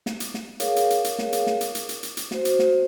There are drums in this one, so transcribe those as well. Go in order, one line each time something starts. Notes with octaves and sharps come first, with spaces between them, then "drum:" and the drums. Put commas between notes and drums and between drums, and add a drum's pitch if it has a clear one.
drum: snare
drum: hi-hat
drum: snare
G#4 A#4 C#5 F5, drum: hi-hat
drum: hi-hat
drum: hi-hat
drum: hi-hat
drum: snare
drum: hi-hat
drum: snare
drum: hi-hat
drum: hi-hat
drum: hi-hat
drum: hi-hat
drum: hi-hat
F#4 C5, drum: snare
drum: hi-hat
drum: snare